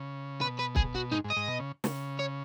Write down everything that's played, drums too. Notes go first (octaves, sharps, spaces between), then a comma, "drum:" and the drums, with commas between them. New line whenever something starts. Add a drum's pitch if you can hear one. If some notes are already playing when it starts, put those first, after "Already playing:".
Already playing: C#3
B2 B4
B4
G#4, drum: kick
F#4
G#2 D#4
G#2
D#5
G#2
B2
C#3
C#3, drum: snare
C#5